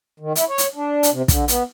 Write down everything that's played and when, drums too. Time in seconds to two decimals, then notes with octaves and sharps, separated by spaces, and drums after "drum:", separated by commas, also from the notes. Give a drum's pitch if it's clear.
0.20 D#3
0.36 E4, drum: hi-hat
0.48 C#5
0.58 drum: hi-hat
0.75 D4
1.03 drum: hi-hat
1.12 C3
1.28 D3, drum: kick, hi-hat
1.48 B3, drum: hi-hat